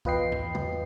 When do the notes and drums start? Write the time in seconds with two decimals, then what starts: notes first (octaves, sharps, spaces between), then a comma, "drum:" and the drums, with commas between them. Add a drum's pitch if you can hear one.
0.05 E2 F4 B4 D#5 G5 C7, drum: kick C2
0.32 drum: tom
0.55 drum: tom